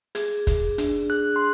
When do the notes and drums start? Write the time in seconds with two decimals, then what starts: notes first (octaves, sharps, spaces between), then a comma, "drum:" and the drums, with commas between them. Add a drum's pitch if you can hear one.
0.15 G#4 G#6, drum: hi-hat
0.47 G#4, drum: kick, hi-hat
0.78 D4, drum: hi-hat
1.10 G#4 F#6
1.36 C6